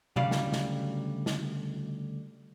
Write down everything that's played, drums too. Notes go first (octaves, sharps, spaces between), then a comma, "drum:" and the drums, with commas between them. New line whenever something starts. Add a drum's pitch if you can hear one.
D2 C#3 F#3 G3 D5 F5, drum: tom C3
drum: snare
drum: snare
drum: snare